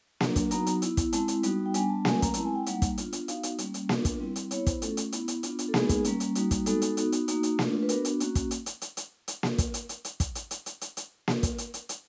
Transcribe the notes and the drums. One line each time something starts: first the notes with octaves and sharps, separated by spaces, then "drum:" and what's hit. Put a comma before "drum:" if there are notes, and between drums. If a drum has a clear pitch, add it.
F#3 A#3 D4, drum: snare A#3
drum: kick, hi-hat
F#3 B3 D#4 F#4 A#5, drum: hi-hat
drum: hi-hat
B3 E4, drum: hi-hat
drum: kick, hi-hat
G#3 C4 E4 A5, drum: hi-hat
drum: hi-hat
G3 B3 D#4 F#4, drum: hi-hat
G5
G3 B3 D4 G#5, drum: hi-hat
A5
F#3 A3 C#4 G#5, drum: snare A#3
A#5, drum: kick, hi-hat
G#3 C4 E4 A5, drum: hi-hat
G#5
G5
G3 A#3 D#4 F#5, drum: hi-hat
drum: kick, hi-hat
B3 D4 F4, drum: hi-hat
drum: hi-hat
B3 D#4 F#4 F5, drum: hi-hat
drum: hi-hat
G3 A#3 C#4, drum: hi-hat
drum: hi-hat
B3 D4 F4, drum: snare A#3
drum: kick, hi-hat
G3 C4 E4
drum: hi-hat
B3 E4 C#5, drum: hi-hat
C5, drum: kick, hi-hat
A3 C#4 F4 A4, drum: hi-hat
drum: hi-hat
B3 E4, drum: hi-hat
drum: hi-hat
B3 D4 F4, drum: hi-hat
drum: hi-hat
A4
G#3 B3 D#4 G#4, drum: snare A#3
drum: kick, hi-hat
G3 A#3 C#4, drum: hi-hat
drum: hi-hat
G3 A#3 D#4 F#4, drum: hi-hat
drum: kick, hi-hat
G#3 B3 D#4 F#4 A4, drum: hi-hat
drum: hi-hat
B3 D#4 F#4, drum: hi-hat
drum: hi-hat
A#3 D#4 F#4, drum: hi-hat
drum: hi-hat
A3 D4 F4, drum: snare A#3
B4
B3 D4 F#4 A#4, drum: hi-hat
drum: hi-hat
A#3 C#4 F#4, drum: hi-hat
drum: kick, hi-hat
drum: hi-hat
drum: hi-hat
drum: hi-hat
drum: hi-hat
drum: hi-hat
drum: snare A#3
drum: kick, hi-hat
drum: hi-hat
drum: hi-hat
drum: hi-hat
drum: kick, hi-hat
drum: hi-hat
drum: hi-hat
drum: hi-hat
drum: hi-hat
drum: hi-hat
drum: snare A#3
drum: kick, hi-hat
drum: hi-hat
drum: hi-hat
drum: hi-hat